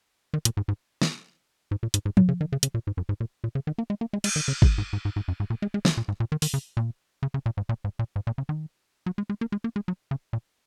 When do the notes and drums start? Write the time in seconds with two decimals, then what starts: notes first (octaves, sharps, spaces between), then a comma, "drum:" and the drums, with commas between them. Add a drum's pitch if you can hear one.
0.34 D#3
0.45 A#2, drum: hi-hat
0.57 G#2
0.68 G#2
1.02 drum: snare
1.71 G#2
1.83 A#2
1.94 G#2, drum: hi-hat
2.05 G#2
2.17 A#2, drum: tom F3
2.29 C#3
2.41 D#3
2.52 C#3
2.63 C#3, drum: hi-hat
2.74 A#2
2.87 G#2
2.97 F#2
3.09 G#2
3.20 A#2
3.44 A#2
3.55 C#3
3.67 D#3
3.78 A#3
3.90 G#3
4.01 A#3
4.13 G#3
4.24 G#3, drum: cymbal
4.36 D#3
4.48 C#3
4.62 C#3, drum: kick
4.78 G#2
4.93 G#2
5.05 G#2
5.16 G#2
5.28 F#2
5.40 G#2
5.50 A#2
5.62 G#3
5.74 G#3
5.85 F#3, drum: snare
5.97 A#2
6.08 G#2
6.20 A#2
6.32 D#3
6.42 D#3, drum: open hi-hat
6.54 C#3
6.77 A#2
7.23 C#3
7.34 C#3
7.46 A#2
7.57 G#2
7.69 A#2
7.84 G#2
7.99 A#2
8.16 G#2
8.27 A#2
8.38 C#3
8.49 D#3
9.06 F#3
9.18 G#3
9.29 G#3
9.41 A#3
9.52 G#3
9.64 A#3
9.76 G#3
9.88 F#3
10.11 C#3
10.33 A#2